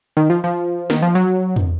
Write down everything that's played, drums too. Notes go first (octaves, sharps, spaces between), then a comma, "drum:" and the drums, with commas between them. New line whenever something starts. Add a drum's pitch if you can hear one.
D#3
F3
F3
D#3, drum: snare
F3
F#3
drum: tom E2